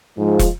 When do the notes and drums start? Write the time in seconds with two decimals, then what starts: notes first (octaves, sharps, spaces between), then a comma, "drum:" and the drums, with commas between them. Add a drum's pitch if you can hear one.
0.18 G#2 F3 G#3
0.39 drum: kick, hi-hat